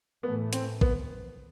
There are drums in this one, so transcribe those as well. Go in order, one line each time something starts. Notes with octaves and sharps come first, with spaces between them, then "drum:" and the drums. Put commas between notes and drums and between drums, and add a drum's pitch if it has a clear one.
A2 E3 A3 B3
C4, drum: hi-hat
B3, drum: kick A1